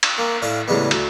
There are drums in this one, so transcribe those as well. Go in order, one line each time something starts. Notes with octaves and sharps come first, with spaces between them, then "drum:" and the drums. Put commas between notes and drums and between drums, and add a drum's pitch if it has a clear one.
drum: cymbal
A#3
A2 D5 F5
E2 A2 C#3 G3 G#3 B3
D2, drum: cymbal